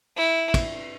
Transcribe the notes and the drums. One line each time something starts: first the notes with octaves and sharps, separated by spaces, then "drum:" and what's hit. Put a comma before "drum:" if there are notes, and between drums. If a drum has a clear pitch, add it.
E4
drum: kick, cymbal